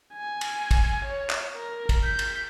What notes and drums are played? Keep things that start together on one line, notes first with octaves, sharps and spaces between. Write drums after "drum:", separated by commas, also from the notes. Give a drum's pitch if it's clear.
G#5
drum: cymbal
drum: kick, cymbal
C#5
drum: clap
A#4
drum: kick, cymbal
G6 B6
drum: cymbal